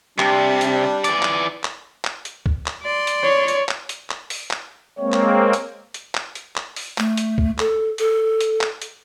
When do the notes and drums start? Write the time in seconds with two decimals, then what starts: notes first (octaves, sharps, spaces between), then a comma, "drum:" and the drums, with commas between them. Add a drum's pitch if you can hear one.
0.18 C3 G3 D4, drum: clap
0.61 drum: hi-hat
1.04 E3 D5, drum: hi-hat
1.23 drum: clap
1.64 drum: clap
2.05 drum: clap
2.25 drum: hi-hat
2.46 drum: kick
2.66 drum: clap
2.82 D5 C6
3.07 drum: hi-hat
3.23 C#5
3.48 drum: hi-hat
3.69 drum: clap
3.89 drum: hi-hat
4.10 drum: clap
4.30 drum: open hi-hat
4.51 drum: clap
4.99 G#3 A#3 C4 C#5
5.12 drum: clap
5.53 drum: hi-hat
5.94 drum: hi-hat
6.15 drum: clap
6.35 drum: hi-hat
6.56 drum: clap
6.76 drum: open hi-hat
6.98 A3, drum: clap
7.17 drum: hi-hat
7.38 drum: kick
7.58 A4, drum: clap
7.98 A4, drum: hi-hat
8.41 drum: hi-hat
8.61 drum: clap
8.82 drum: hi-hat